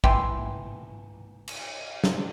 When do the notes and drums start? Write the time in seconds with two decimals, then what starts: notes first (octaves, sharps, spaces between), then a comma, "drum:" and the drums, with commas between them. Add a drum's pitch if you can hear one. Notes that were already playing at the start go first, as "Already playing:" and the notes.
0.04 E3 G5 C6, drum: kick
1.48 drum: cymbal
2.04 drum: snare